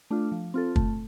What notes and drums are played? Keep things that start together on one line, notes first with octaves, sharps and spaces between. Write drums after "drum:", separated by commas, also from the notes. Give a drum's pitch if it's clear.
A3 D4 F4
F3
C4 F4 A4
A3, drum: kick